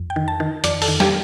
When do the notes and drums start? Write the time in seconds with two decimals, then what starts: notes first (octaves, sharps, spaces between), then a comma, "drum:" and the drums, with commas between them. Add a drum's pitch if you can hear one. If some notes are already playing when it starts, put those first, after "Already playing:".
Already playing: F2
0.10 G5
0.16 D#3
0.28 A5
0.40 D#3
0.64 F2 D5, drum: hi-hat
0.82 A4, drum: open hi-hat
0.88 D#3
1.00 G4, drum: snare